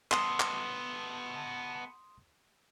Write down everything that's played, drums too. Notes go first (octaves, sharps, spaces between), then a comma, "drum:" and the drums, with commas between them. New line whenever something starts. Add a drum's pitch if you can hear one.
B3 A4 C6 D#6, drum: clap
drum: clap